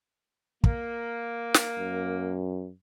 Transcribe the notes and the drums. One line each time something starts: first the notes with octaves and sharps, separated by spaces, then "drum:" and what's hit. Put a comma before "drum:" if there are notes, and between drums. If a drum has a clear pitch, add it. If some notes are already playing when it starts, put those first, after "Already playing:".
A#3, drum: kick
drum: snare
F#2